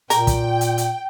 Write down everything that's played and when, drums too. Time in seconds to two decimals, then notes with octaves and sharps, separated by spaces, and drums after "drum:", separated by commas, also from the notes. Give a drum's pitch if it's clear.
0.10 A#2 A#4 G5, drum: hi-hat
0.27 drum: kick, hi-hat
0.61 drum: hi-hat
0.78 drum: hi-hat